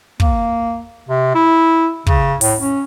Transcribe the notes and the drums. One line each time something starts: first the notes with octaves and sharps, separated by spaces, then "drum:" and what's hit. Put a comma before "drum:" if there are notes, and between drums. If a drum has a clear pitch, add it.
A#3, drum: kick
C3
E4
C#3, drum: kick
A2, drum: open hi-hat
C#4